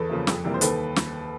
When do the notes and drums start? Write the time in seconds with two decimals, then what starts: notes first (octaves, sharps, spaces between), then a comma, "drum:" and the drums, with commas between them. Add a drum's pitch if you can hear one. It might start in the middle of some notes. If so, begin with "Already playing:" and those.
Already playing: E2 A4 B4
0.10 C#3 F3 A#3
0.27 F2, drum: snare
0.44 C3 E3 G3 A#3
0.54 C5
0.61 D#2 A4 B4, drum: hi-hat
0.96 drum: snare